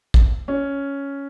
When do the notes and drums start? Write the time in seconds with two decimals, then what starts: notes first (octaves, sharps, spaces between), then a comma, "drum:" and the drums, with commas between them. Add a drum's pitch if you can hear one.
0.14 drum: kick
0.48 C#4